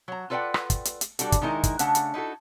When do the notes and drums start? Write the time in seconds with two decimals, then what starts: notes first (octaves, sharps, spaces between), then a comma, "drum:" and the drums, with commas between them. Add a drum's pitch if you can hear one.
0.08 F#3 A#5
0.30 F4 A4 B4 D5 F#5 G5
0.54 drum: rim click
0.70 drum: kick, hi-hat
0.85 drum: hi-hat
1.01 drum: hi-hat
1.19 G3 D4 F#4 A4, drum: hi-hat
1.32 drum: kick, hi-hat
1.42 D#3 G#3 D#4 E4 A#4
1.64 drum: kick, hi-hat
1.79 C#3 A3 D4 F#5, drum: hi-hat
1.95 drum: hi-hat
2.14 D#4 E4 F#4 A4